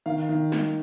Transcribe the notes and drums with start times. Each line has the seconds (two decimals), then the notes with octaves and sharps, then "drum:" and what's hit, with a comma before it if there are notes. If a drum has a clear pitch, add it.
0.06 D#3 F5
0.29 D#3
0.52 drum: snare